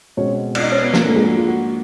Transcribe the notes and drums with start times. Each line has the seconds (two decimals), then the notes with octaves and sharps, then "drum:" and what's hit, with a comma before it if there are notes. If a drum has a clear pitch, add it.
0.17 B2 G#3 C4 C#4 C#5
0.55 D5, drum: cymbal
0.61 D#4 D#5
0.72 C#4 C#5
0.82 B3 B4
0.94 A#3 A#4, drum: snare
1.04 G#2 F3 A3 A#3 D4 A4
1.16 G#3 G#4
1.26 F#4
1.37 F4
1.48 F#4